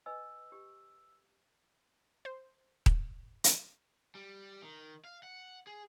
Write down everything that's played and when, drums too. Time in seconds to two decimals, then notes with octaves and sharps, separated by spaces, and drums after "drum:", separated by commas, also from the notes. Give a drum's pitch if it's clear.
0.06 B4 D#5 G#5 E6
0.52 G4
2.25 C5
2.86 drum: kick D#1
3.44 drum: hi-hat
4.15 G3
4.62 D#3
5.05 F5
5.23 F#5
5.67 G#4